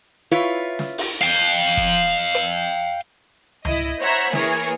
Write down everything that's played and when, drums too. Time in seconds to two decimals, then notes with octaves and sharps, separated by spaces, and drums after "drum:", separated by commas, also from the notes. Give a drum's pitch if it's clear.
0.31 E4 F4 B4 C#5
0.79 drum: snare
0.98 drum: open hi-hat
1.22 F5 G5
1.77 drum: kick
2.35 drum: hi-hat
3.65 E4 D#5, drum: tom C#2
4.01 C5 C#5 E5 F#5 A#5 B5
4.33 E3 A#3 G#4 A#4 C#5, drum: snare